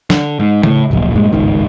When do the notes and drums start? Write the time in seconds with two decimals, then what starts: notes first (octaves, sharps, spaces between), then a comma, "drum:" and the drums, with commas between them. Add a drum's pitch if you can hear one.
0.10 D3, drum: snare
0.40 G#2
0.63 A2, drum: tom C#3
0.91 D1 A#1
1.15 G2 A#2 G#3
1.32 G1 C#2 G#2 D#3